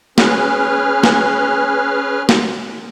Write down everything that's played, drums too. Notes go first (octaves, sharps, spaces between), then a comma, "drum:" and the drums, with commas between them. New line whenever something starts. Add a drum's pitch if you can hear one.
C#4 G#4 B4 F6, drum: snare
drum: snare
drum: snare